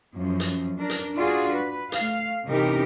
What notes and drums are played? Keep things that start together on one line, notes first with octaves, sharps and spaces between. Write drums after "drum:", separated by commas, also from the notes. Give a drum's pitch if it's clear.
F#2 F3
drum: hi-hat
D4 A#4
drum: hi-hat
D4 F4 F#4 G#4
B4
A3 F5, drum: hi-hat
C3 E3 C#4 D#4 G4 A#4